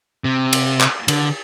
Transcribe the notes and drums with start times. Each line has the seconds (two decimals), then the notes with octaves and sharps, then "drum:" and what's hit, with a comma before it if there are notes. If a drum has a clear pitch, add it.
0.24 C3
0.53 drum: cymbal
0.81 drum: clap
1.08 D3, drum: cymbal